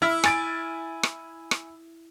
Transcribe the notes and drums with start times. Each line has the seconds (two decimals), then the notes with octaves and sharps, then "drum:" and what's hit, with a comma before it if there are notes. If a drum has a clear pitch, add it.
0.02 E4 F6 B6
0.24 G#5 A6 D7, drum: rim click
1.03 drum: rim click
1.51 drum: rim click